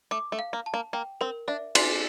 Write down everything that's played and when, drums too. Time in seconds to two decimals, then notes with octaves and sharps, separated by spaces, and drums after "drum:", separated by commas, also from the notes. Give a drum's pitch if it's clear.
0.11 A3 D6
0.32 A3
0.39 F5
0.53 A#3
0.66 A5
0.74 A#3
0.93 A#3 G5
1.21 C4 A#4
1.48 D4 E5
1.75 D4 C6, drum: cymbal